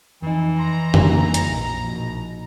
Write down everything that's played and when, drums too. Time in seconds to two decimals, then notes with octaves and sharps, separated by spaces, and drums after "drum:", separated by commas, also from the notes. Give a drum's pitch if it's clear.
0.22 F2 E3 D#4
0.59 A#5 C6
0.94 A#3 D#4, drum: tom
1.34 drum: hi-hat
1.50 A#1
1.88 B2